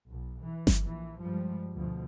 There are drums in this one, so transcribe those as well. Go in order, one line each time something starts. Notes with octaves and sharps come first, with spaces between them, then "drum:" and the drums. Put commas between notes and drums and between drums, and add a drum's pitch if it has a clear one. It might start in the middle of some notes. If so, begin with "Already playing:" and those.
B1
E3
drum: snare G1
A#1 E3
G2 F3 G3 G#3
D2 B2 F3